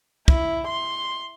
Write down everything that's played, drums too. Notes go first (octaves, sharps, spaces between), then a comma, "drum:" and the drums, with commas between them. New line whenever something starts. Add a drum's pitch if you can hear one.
E4, drum: kick
C6